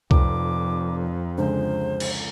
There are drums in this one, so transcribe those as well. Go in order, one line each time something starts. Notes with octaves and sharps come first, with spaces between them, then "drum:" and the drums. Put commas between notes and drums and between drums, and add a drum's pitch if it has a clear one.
F1 F2 D6, drum: kick C2
C#2 D3 G#3 C5
drum: cymbal